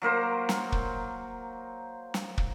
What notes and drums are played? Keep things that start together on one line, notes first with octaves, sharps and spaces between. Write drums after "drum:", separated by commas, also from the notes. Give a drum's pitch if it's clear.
F#3 A#3 A#4 C5
drum: snare
drum: kick
drum: snare
drum: kick